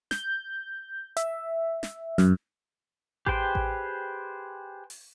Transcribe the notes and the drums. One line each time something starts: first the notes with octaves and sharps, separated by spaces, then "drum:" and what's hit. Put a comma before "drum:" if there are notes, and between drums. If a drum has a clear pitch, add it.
G6, drum: snare
E5, drum: hi-hat
drum: snare
F#2, drum: snare
G4 G#4 B4 C5 G5, drum: kick A1
drum: kick A1
drum: open hi-hat